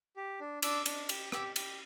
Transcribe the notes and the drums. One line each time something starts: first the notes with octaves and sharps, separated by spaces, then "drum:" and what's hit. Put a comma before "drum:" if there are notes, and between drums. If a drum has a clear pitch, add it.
G4
D4
D4 D6 E6, drum: cymbal
D4, drum: cymbal
G4, drum: cymbal
G4 D6 E6, drum: rim click
G4, drum: cymbal